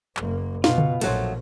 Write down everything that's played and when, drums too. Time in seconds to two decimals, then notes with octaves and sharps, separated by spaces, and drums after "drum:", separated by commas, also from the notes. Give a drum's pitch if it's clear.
0.17 F#1 A#3, drum: clap
0.64 B2 F4, drum: snare
0.78 drum: tom C#3
1.01 A#1 F3 F#3 A3, drum: cymbal